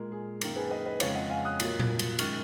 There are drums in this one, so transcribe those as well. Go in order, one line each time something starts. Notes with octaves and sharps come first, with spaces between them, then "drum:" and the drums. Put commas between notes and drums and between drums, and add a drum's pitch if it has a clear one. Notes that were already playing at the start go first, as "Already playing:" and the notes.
Already playing: A#2 G#3 A#4
G#4
F#2 D#3 A#3 A#4, drum: cymbal
G#4 B4
B4 D#5
B4 D#5
F2 C#3 G#3 C#5 F5, drum: cymbal
D#5 F#5
F5 G#5
D#6 F#6
A#2 F#3 A#3, drum: cymbal
drum: tom A#2
drum: cymbal
F#2 D#3 G#3 C#6 F6, drum: cymbal